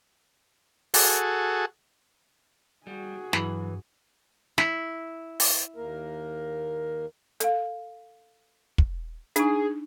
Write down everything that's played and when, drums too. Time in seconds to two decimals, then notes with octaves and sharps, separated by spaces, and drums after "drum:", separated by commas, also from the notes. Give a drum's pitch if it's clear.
0.94 F#4 G#4 A4, drum: open hi-hat
2.87 G3 F#4 G#4
3.33 G2 E3 F#3 B5, drum: snare
4.58 E4, drum: snare
5.40 drum: open hi-hat
5.76 D#2 A#3 A#4
7.40 A4 F5, drum: hi-hat
8.78 drum: kick
9.36 D4 D#4 G#4, drum: hi-hat